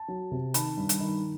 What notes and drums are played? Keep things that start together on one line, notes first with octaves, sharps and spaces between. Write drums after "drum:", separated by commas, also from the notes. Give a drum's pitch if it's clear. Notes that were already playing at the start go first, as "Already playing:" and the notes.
Already playing: A5
F#3
C3
D#3 A5 B5, drum: hi-hat
G2
drum: hi-hat
D#3